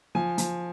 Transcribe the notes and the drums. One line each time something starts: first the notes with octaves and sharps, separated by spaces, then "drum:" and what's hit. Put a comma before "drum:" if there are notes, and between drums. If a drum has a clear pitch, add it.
F3 G#5
F3, drum: hi-hat